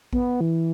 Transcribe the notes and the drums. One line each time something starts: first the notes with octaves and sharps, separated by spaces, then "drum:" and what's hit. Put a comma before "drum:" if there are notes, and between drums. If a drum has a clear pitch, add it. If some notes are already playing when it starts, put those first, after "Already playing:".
B3, drum: kick A1
E3